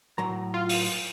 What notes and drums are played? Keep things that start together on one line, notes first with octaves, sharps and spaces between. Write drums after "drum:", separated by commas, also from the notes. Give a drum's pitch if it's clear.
A2 F#3 A#5
F4
drum: open hi-hat